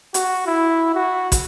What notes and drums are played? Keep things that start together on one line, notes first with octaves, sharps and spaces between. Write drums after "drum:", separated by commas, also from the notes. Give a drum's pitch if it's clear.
F#4, drum: hi-hat
E4
F#4
drum: kick, hi-hat